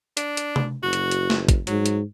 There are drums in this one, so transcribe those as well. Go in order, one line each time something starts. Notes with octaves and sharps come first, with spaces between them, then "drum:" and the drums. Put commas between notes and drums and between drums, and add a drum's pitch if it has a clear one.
D4, drum: hi-hat
drum: hi-hat
drum: tom C3
F#1 F#4
drum: hi-hat
drum: hi-hat
drum: snare
drum: kick, hi-hat
G#2 F#3, drum: hi-hat
drum: hi-hat